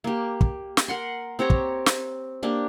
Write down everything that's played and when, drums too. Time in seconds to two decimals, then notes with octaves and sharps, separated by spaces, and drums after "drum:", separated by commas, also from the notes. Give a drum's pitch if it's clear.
0.04 A#3 G4
0.41 drum: kick
0.77 drum: snare
0.88 A#4 F#5 C6
1.39 C4 G4 C#5 A#5
1.50 drum: kick
1.86 drum: snare
2.43 A#3 D4 G4